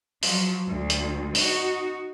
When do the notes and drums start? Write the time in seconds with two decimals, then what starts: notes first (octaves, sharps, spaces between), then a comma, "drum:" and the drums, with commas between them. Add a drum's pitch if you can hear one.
0.23 F3 F#3, drum: open hi-hat
0.68 D2
0.90 drum: hi-hat
1.35 D#4 F#4, drum: open hi-hat